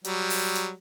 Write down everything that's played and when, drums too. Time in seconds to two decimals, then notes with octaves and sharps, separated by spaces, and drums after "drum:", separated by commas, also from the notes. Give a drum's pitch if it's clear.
0.04 F#3 G3, drum: hi-hat
0.30 drum: open hi-hat
0.55 drum: hi-hat